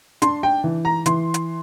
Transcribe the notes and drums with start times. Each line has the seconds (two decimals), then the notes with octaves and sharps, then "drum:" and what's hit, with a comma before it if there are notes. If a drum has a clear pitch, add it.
0.22 D4 C6, drum: hi-hat
0.43 G5
0.64 E3
0.85 A#5
1.06 E3 C6, drum: hi-hat
1.34 drum: hi-hat